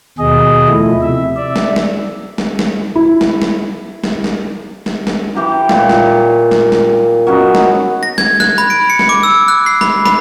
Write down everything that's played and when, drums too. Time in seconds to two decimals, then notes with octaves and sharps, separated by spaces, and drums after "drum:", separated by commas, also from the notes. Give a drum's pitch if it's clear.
0.19 D#2 B2 G#4 D#5
0.68 F3 A3 E4
1.02 C3 E5
1.36 D5 E5
1.56 drum: snare
1.76 drum: snare
2.38 drum: snare
2.59 drum: snare
2.95 E4
3.21 drum: snare
3.42 drum: snare
4.04 drum: snare
4.24 drum: snare
4.86 drum: snare
5.07 drum: snare
5.35 E3 G4 A#5
5.69 A#2 C#5, drum: snare
5.89 drum: snare
6.51 drum: snare
6.72 drum: snare
7.27 F#3 B3 C#4 D#4
7.55 drum: snare
8.03 A#6
8.18 G#6, drum: snare
8.40 F#6, drum: snare
8.58 B5
8.70 D7
8.90 C#7
8.99 drum: snare
9.09 D6
9.23 E6
9.48 F#6
9.66 C7
9.81 B5, drum: snare
10.06 B5, drum: snare